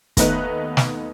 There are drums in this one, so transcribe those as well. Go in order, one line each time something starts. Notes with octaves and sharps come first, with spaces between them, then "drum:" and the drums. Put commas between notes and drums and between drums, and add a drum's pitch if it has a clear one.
D#2 A3 B3 D#4 B4 F#6, drum: kick, hi-hat
drum: snare